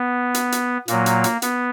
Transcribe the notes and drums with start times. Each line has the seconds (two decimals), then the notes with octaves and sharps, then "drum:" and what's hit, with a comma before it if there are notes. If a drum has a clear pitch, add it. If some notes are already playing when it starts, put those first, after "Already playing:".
Already playing: B3
0.34 drum: hi-hat
0.52 drum: hi-hat
0.88 A#2 F#3 A#3, drum: hi-hat
1.06 drum: hi-hat
1.24 drum: hi-hat
1.42 B3, drum: hi-hat